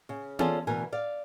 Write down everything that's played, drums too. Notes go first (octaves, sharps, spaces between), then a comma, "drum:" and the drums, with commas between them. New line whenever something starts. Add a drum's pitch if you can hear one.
C#3
C#4 F4 G#4 A4 C5 D5, drum: tom B3
D2 B2 E3 A#4 G#5
D5 F5